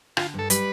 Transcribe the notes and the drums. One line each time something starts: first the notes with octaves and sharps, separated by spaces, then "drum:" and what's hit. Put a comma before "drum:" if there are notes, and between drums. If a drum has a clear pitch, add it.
D3 F4, drum: rim click
G2 A4
G3 B4, drum: hi-hat